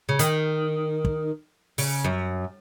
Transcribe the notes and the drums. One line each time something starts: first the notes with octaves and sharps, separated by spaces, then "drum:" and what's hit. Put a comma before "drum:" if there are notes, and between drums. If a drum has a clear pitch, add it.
C#3
D#3, drum: hi-hat
drum: kick
C#3, drum: open hi-hat
F#2